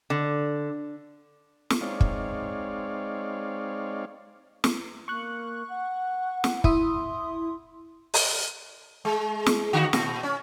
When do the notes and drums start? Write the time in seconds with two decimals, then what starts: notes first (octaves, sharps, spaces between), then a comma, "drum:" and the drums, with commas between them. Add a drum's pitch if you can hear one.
0.10 D3
1.70 drum: snare
1.81 G#3 C4 D#4 C#5 D5 F5
2.01 drum: kick
4.64 drum: snare
5.08 A#3 C#6 F#6
5.69 F#5
6.44 drum: snare
6.64 E4 E5 C6 D#6, drum: kick
8.14 drum: open hi-hat
9.05 G#3
9.46 drum: snare
9.73 D3 F#4
9.93 A#2, drum: snare
10.23 C#4